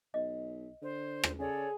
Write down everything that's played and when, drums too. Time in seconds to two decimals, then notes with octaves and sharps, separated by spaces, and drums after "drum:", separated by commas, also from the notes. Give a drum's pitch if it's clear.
0.14 B1 D#5
0.82 D3 C5
1.24 drum: rim click
1.39 C#3 G#4 A4 C#5 D5